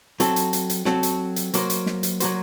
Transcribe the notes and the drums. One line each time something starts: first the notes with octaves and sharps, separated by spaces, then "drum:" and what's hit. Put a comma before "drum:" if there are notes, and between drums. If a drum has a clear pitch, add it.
F#3 C4 F#4 A4, drum: hi-hat
drum: hi-hat
drum: hi-hat
drum: hi-hat
F#3 C4 F#4 A4, drum: snare
drum: hi-hat
drum: hi-hat
F#3 A#3 F#4 C5, drum: hi-hat
drum: hi-hat
drum: snare
drum: hi-hat
F#3 A#3 F#4 C5, drum: hi-hat